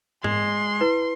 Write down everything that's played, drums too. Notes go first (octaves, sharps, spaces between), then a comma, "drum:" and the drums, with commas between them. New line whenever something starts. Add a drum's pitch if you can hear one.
G#3 C6, drum: tom G#2
E4 B4